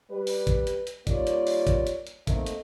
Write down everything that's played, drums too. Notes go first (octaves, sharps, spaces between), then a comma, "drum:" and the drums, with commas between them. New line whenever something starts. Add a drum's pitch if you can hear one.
G3 G4 B4
drum: open hi-hat
drum: kick G#1, hi-hat
drum: hi-hat
drum: hi-hat
D#3 G3 A#3 F4 C#5 D5, drum: kick G#1, hi-hat
drum: hi-hat
drum: open hi-hat
drum: kick G#1, hi-hat
drum: hi-hat
drum: hi-hat
A3 A#3 C4 D#4, drum: kick G#1, hi-hat
drum: hi-hat